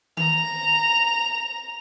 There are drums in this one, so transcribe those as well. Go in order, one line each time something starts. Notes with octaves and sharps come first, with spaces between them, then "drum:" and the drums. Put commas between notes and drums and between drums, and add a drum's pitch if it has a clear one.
A#5 F7, drum: tom D#3